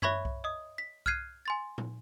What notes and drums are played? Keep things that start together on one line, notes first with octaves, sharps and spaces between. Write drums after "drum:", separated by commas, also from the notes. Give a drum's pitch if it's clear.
C#5 E5 B5 C#6 G#6 B6, drum: tom F#2
drum: kick C2
D#5 D#6
B6
F6 F#6 G#6 C7 D#7, drum: kick C2
G#5 C6 A6
drum: tom A#2